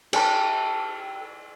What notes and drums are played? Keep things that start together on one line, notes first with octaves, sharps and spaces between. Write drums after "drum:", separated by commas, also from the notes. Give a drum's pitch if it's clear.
G4 A4, drum: cymbal